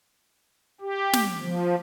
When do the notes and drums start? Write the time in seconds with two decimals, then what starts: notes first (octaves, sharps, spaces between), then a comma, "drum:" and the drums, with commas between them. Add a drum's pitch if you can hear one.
0.81 G4
1.13 drum: snare
1.41 F3